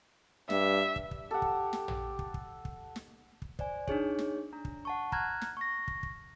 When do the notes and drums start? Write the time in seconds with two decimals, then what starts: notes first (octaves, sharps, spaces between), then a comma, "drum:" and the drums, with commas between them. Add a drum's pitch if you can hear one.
0.50 G2 E5, drum: snare
0.96 drum: kick
1.11 drum: kick
1.31 G4 A4 F#5
1.42 drum: kick
1.73 drum: snare
1.88 drum: tom
2.19 drum: kick
2.34 drum: kick
2.65 drum: kick
2.96 drum: snare
3.42 drum: kick
3.59 C5 D5 G#5, drum: kick
3.87 D4 D#4 G#4 C#5, drum: kick
4.19 drum: snare
4.53 D4 A#5
4.65 drum: kick
4.85 F#5 A5 C#6
5.12 A#5 F6 F#6 G#6, drum: kick
5.41 drum: snare
5.57 C#6 A#6
5.88 drum: kick
6.03 drum: kick